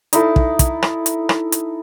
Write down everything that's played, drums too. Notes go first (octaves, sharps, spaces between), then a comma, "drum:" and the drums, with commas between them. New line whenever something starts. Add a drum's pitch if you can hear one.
D#4 E4 A4, drum: hi-hat
drum: kick
drum: kick, hi-hat
drum: rim click
drum: hi-hat
drum: rim click
drum: hi-hat